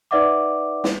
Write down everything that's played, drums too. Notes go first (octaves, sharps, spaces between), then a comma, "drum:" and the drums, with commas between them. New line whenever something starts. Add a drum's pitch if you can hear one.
D#4 B4 D5 E5 F#5 D6
drum: snare